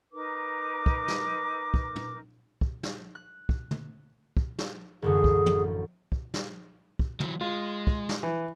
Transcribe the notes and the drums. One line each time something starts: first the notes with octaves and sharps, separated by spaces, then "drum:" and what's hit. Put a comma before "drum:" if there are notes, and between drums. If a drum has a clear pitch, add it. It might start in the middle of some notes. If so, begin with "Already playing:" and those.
D#4 A#4 B4 D6
drum: kick
drum: snare
drum: kick
drum: tom
drum: kick
drum: snare
F#6
drum: kick
drum: tom
drum: kick
drum: snare
A1 F#2 D3 G#4
drum: kick
drum: tom
drum: kick
drum: snare
drum: kick
E3 F#3, drum: tom
G#3 F4
drum: kick
drum: snare
E3